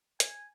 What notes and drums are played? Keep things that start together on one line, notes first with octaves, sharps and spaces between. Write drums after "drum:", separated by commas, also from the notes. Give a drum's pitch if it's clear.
G#5, drum: hi-hat